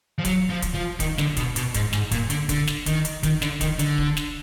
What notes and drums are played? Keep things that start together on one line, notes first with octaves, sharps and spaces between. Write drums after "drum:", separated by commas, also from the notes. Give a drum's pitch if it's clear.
F3
F#3, drum: kick, hi-hat
F3
drum: kick, hi-hat
F3
D#3, drum: kick, hi-hat
D3, drum: snare
B2, drum: kick, hi-hat
B2, drum: hi-hat
G#2, drum: kick, hi-hat
G#2, drum: snare
A#2, drum: kick, hi-hat
D3, drum: hi-hat
D3, drum: kick, hi-hat
drum: snare
D#3, drum: kick, hi-hat
drum: hi-hat
D#3, drum: kick, hi-hat
D3, drum: snare
D#3, drum: kick, hi-hat
D3, drum: hi-hat
drum: kick
drum: snare